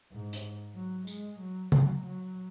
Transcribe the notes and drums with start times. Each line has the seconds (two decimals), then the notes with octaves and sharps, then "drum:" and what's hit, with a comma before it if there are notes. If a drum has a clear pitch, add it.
0.11 G#2
0.33 drum: hi-hat
0.75 F#3
1.07 G#3, drum: tambourine
1.40 F#3
1.72 F#3, drum: tom C#3
2.04 F#3